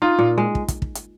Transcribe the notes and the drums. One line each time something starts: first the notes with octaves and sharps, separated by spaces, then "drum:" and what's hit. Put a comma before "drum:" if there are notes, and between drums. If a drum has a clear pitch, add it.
D#4 F4
A#2
G#3
drum: kick
drum: kick, hi-hat
drum: kick
drum: hi-hat